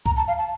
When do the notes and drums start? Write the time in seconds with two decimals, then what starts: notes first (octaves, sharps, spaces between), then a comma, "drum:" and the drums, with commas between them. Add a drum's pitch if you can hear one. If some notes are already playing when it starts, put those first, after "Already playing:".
0.06 A#5, drum: kick C2
0.16 A5
0.28 F5
0.38 A5